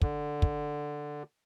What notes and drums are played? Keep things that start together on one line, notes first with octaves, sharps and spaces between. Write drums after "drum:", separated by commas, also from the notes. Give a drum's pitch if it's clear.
D3, drum: kick
drum: kick